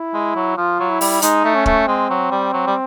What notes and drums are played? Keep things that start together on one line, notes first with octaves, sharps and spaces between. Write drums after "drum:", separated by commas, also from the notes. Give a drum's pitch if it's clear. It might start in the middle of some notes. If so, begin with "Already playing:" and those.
Already playing: E4
G#3
F#3
F3 F4
F#3
E4
G3, drum: open hi-hat
G#3 D#4, drum: hi-hat
A3
C#4
A3, drum: kick
G#3 C4
F#3
G3
F#3
G3